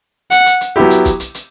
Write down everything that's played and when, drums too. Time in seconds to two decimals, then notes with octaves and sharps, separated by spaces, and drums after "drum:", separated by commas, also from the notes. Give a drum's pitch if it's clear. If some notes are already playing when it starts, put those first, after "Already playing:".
0.31 F#5, drum: hi-hat
0.46 drum: hi-hat
0.61 drum: hi-hat
0.76 F#3 B3 E4 G4
0.90 drum: hi-hat
1.05 drum: kick, hi-hat
1.20 drum: hi-hat
1.35 drum: hi-hat